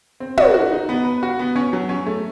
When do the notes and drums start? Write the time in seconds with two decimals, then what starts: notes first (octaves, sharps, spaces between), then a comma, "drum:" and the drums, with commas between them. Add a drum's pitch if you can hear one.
0.20 C4
0.38 F#4, drum: tom
0.54 F#4
0.72 D#4
0.89 B3
1.05 B4
1.23 F#4
1.39 B3
1.56 C#4
1.73 F#3
1.89 C#4
2.06 A3